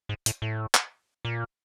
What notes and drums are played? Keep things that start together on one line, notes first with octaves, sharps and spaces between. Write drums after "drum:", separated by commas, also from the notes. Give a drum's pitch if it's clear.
G#2
A2, drum: hi-hat
A2
drum: clap
A#2